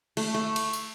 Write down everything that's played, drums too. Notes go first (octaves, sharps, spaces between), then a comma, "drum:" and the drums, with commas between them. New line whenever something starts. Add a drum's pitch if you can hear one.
A3, drum: cymbal
A3
drum: cymbal
drum: tambourine